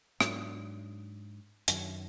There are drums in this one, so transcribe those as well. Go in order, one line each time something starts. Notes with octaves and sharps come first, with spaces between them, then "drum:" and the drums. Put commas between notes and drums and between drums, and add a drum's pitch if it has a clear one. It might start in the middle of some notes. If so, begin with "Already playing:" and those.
G#2 F#3 D4, drum: rim click
F#2 D#3 F#3, drum: hi-hat